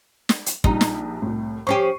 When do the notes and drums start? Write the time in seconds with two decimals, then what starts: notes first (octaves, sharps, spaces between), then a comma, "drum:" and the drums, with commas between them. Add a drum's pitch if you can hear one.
0.29 drum: snare
0.46 drum: hi-hat
0.64 A#1 G3 D#4, drum: kick
0.81 drum: snare
1.22 C2 A2
1.67 F3 C#4 G4 C#6 C7 D#7